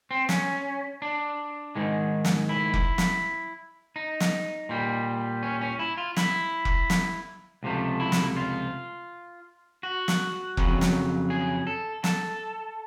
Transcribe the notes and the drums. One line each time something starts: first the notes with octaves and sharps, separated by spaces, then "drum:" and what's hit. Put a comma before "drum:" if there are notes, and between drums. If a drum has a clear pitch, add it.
C4
C#4, drum: snare
D4
G#2 D#3 G#3
drum: snare
E4
drum: kick F1
drum: snare
D#4
drum: snare
A#2 G3
C#4
C#4
E4
F4
E4, drum: snare
drum: kick F1
drum: snare
C#2 C3 F3 A3
E4
drum: snare
F4
F#4
drum: snare
F2 C#3 F#3, drum: kick F1
drum: snare
G#4
A4
A4, drum: snare